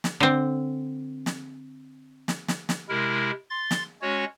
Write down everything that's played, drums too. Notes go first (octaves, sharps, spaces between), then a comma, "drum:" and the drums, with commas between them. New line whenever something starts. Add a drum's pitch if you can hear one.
drum: snare
D3 C4
drum: snare
drum: snare
drum: snare
drum: snare
C3 G#3 E4 A#4
C6 A6
drum: snare
G#3 C#4 F#4 C#5